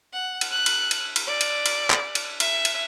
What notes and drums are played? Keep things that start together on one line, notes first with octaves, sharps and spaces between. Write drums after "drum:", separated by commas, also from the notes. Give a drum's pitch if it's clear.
F#5
drum: cymbal
F#6
drum: cymbal
drum: cymbal
drum: cymbal
D5
drum: cymbal
drum: cymbal
drum: clap
drum: cymbal
E5, drum: cymbal
drum: cymbal